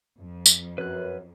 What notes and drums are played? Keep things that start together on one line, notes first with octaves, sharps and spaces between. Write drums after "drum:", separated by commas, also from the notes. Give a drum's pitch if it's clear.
F2
drum: tambourine
F#2 B4 F#6